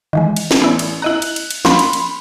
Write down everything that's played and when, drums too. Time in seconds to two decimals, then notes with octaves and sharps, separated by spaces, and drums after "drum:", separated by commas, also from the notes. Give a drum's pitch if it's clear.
0.13 D#3 E3 G#3
0.36 drum: cymbal
0.51 drum: snare
0.62 A1 B3 E4 D5
0.79 drum: cymbal
1.02 E4 D#5 A#5 F#6 F#7
1.22 drum: cymbal
1.36 drum: cymbal
1.51 drum: cymbal
1.65 F3 A#3 C#4 B5 C6, drum: snare
1.79 drum: cymbal
1.93 drum: cymbal